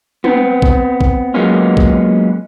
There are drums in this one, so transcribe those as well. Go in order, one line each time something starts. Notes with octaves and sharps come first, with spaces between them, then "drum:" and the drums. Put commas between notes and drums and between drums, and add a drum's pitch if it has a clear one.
B3 C4, drum: tom
drum: kick A#1
drum: kick A#1
F#3 G#3 A#3 B3 C#4 F4
drum: kick A#1